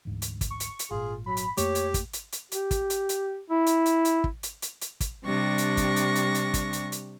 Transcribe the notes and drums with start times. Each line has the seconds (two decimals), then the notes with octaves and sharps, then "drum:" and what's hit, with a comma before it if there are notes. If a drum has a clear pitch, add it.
0.05 D2 G#2 E3
0.22 drum: hi-hat
0.41 drum: kick, hi-hat
0.51 C#6
0.60 drum: hi-hat
0.79 drum: hi-hat
0.91 G#1 A#2 F4 G#4
1.26 F#3 B5
1.37 drum: hi-hat
1.57 F2 A3 A#3 G4 C#5, drum: hi-hat
1.75 drum: hi-hat
1.94 drum: kick, hi-hat
2.13 drum: hi-hat
2.32 drum: hi-hat
2.52 G4, drum: hi-hat
2.71 drum: kick, hi-hat
2.90 drum: hi-hat
3.09 drum: hi-hat
3.50 E4
3.66 drum: hi-hat
3.86 drum: hi-hat
4.05 drum: hi-hat
4.24 drum: kick
4.43 drum: hi-hat
4.62 drum: hi-hat
4.81 drum: hi-hat
5.00 drum: kick, hi-hat
5.24 C3 G3 D4 C#6 A#6
5.58 drum: hi-hat
5.77 drum: kick, hi-hat
5.96 drum: hi-hat
6.15 drum: hi-hat
6.35 drum: hi-hat
6.54 drum: kick, hi-hat
6.73 drum: hi-hat
6.92 drum: hi-hat